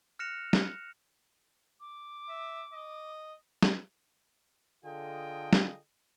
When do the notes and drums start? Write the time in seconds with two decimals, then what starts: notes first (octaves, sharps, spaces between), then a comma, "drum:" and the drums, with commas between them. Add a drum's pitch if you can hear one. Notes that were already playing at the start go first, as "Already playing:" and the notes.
0.19 F6 F#6 A#6 C#7 E7 F7
0.53 drum: snare
1.80 D6
2.29 E5
2.74 D#5
3.63 drum: snare
4.85 D3 F4 G#4 A4 D#5 G5
5.53 drum: snare